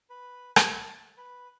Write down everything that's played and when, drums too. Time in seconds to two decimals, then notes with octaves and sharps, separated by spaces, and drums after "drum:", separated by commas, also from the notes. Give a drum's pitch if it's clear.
0.10 B4
0.56 drum: rim click
0.67 A5
1.18 B4